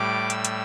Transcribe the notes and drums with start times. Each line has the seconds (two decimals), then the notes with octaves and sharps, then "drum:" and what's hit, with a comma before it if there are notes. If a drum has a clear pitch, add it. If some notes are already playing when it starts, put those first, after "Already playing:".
Already playing: A2 G3 D6
0.30 E6, drum: hi-hat
0.45 drum: hi-hat